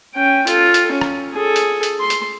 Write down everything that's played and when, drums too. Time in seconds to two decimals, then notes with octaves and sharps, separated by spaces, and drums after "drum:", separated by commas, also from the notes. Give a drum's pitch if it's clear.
0.15 C#4 G5
0.47 F4 A4, drum: hi-hat
0.74 drum: hi-hat
0.92 C#4
1.01 drum: rim click
1.33 G#4 A4
1.56 drum: hi-hat
1.83 drum: hi-hat
2.00 C6
2.10 drum: hi-hat